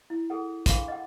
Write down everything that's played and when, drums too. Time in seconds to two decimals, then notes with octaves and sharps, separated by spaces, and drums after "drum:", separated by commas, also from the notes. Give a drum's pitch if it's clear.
0.10 E4
0.30 G#4 A4 F#5
0.66 D4 G#4 F5 B5 C6 D6, drum: kick, hi-hat
0.88 D#5 F#5